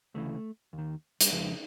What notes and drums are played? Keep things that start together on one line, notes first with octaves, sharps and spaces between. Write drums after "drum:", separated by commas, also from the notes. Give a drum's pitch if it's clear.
D2 C#3 E3 A3
D#2
D#3
G3, drum: hi-hat
F2 C#3 F3 G#3